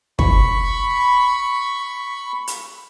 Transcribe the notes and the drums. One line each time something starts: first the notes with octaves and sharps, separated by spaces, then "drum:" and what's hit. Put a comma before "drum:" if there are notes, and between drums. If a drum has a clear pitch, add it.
B5 C#6, drum: kick
drum: hi-hat